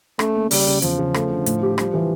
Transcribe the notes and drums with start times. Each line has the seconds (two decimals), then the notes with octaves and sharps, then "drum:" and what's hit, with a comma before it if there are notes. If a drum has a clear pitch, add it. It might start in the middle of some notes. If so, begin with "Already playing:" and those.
0.19 A3 C#4, drum: rim click
0.35 A#3
0.51 C#3 G3, drum: open hi-hat
0.67 C#3
0.82 E2 F3, drum: hi-hat
0.98 C#3
1.14 A3, drum: rim click
1.30 D3
1.46 A2, drum: hi-hat
1.62 G4
1.78 F3 G3, drum: rim click
1.94 E3